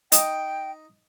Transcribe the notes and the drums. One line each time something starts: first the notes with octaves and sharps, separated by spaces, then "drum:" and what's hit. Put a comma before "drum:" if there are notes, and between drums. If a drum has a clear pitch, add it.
D#4 G5, drum: hi-hat